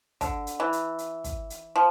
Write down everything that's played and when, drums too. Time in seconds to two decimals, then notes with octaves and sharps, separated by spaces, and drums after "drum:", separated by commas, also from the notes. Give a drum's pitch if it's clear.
0.21 D3, drum: kick, hi-hat
0.47 drum: hi-hat
0.60 E3
0.73 drum: hi-hat
0.98 drum: hi-hat
1.24 drum: kick, hi-hat
1.50 drum: hi-hat
1.76 F3